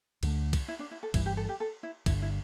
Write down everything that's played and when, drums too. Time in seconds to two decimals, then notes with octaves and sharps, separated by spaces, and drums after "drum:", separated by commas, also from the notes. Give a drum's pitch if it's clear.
0.23 D2 D3 A3, drum: cymbal
0.53 drum: kick, cymbal
0.68 E4
0.79 D4
0.91 E4
1.03 A4
1.14 G1 G2 E3 G3 E4, drum: kick, cymbal
1.26 G4
1.37 A4
1.49 G4
1.60 A4
1.83 E4
2.06 G1 G2 D3 E4, drum: kick, cymbal
2.22 E4